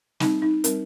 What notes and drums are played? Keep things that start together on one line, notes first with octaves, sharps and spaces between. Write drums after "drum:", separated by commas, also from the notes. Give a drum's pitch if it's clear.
G3 C4 D#4, drum: snare
D#4
G3 C4 A#4, drum: hi-hat